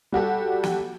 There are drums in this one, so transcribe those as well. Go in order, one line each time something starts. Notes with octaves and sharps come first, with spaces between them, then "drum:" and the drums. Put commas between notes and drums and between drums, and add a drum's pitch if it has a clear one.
G3 F#4 G4 A4
drum: snare